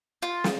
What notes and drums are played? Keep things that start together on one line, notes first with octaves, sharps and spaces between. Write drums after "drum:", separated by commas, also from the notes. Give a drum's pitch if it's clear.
F4
drum: snare